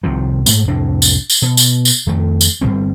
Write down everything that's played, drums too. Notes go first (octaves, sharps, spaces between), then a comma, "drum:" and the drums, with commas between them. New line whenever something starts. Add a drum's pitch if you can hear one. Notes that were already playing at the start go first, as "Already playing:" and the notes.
C2 C3 D#3 F3
G#2 A3 A#3, drum: tambourine
C2 F2 A2 D4
drum: tambourine
drum: tambourine
B2
drum: tambourine
drum: tambourine
F2 D#3 A3
drum: tambourine
G1 G2 G3 C4